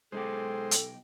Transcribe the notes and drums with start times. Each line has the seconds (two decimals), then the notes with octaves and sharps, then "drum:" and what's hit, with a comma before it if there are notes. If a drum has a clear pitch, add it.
0.12 B1 G#3 D#4 G4 A4 C5
0.71 drum: hi-hat